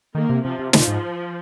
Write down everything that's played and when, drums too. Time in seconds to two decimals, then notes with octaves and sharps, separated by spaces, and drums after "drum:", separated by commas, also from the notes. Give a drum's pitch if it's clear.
0.15 D#3 A#3
0.29 C3
0.44 C3 F3
0.59 C3
0.73 A#2 F3, drum: snare
0.87 G#2